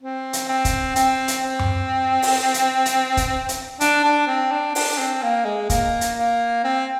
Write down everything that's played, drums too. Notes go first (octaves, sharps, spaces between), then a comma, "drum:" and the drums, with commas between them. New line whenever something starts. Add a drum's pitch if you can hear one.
C4
drum: hi-hat
C4
drum: kick, hi-hat
C4, drum: hi-hat
drum: hi-hat
C4
drum: tom F#2
drum: open hi-hat
drum: hi-hat
drum: hi-hat
drum: kick, hi-hat
drum: hi-hat
D4, drum: hi-hat
D4
C4
D4
D4, drum: open hi-hat
C4
A#3
G#3
A#3, drum: kick, hi-hat
drum: hi-hat
A#3
C4